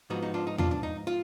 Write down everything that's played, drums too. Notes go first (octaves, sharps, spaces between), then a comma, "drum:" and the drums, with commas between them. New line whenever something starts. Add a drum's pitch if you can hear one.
G#2 F3 B3 D#4 F#4
D#4 F#4
D4 F4
D#4
D4 F4, drum: tom E2
D4
D#4
F4